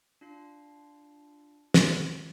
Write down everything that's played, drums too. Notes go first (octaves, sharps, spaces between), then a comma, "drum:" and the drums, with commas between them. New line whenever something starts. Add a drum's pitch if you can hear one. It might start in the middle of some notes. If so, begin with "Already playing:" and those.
D4 F4 C7
drum: snare